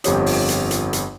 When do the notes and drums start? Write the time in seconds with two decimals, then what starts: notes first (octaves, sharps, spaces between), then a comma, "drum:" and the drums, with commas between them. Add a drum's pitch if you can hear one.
0.04 G1 F2 G4 C#5 D#6, drum: hi-hat
0.26 drum: open hi-hat
0.48 drum: hi-hat
0.71 drum: hi-hat
0.93 drum: hi-hat